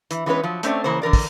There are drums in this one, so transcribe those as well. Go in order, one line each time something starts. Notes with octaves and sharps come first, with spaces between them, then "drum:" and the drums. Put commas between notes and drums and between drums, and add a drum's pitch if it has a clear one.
E3, drum: hi-hat
E3 G#3 B3 C#4 F4 B4
F3 F#3
A3 C4 C#4 D5, drum: hi-hat
C#3 E3 A#3 C#4 C5
D3 E3 A#4 D5
drum: kick, open hi-hat